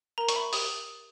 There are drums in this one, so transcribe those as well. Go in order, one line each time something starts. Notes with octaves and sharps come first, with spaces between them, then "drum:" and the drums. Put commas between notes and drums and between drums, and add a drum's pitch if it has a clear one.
A#4 A#5
C#6, drum: hi-hat
E5 B5
G4 D#6, drum: open hi-hat